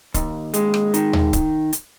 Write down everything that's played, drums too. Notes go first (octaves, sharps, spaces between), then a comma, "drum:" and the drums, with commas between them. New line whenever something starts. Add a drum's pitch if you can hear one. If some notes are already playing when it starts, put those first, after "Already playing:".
D#2, drum: kick C#1, hi-hat
G#3, drum: hi-hat
drum: rim click
D#3, drum: hi-hat
drum: tom D#2
drum: kick C#1, hi-hat
drum: hi-hat